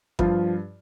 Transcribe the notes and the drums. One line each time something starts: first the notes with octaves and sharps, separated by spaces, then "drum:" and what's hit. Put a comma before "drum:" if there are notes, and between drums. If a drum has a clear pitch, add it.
G2 F3 F4, drum: kick G#1